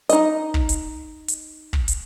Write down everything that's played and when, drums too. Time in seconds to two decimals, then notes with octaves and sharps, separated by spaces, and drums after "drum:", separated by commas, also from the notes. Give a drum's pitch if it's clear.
0.09 D#4 D#5, drum: hi-hat
0.54 drum: kick
0.69 drum: hi-hat
1.28 drum: hi-hat
1.73 drum: kick
1.88 drum: hi-hat